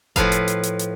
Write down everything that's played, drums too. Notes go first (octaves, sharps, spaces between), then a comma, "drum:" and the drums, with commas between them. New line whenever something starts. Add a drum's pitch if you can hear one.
A2 F3 B4 F5, drum: kick F#1, hi-hat
drum: hi-hat
drum: hi-hat
drum: hi-hat
drum: hi-hat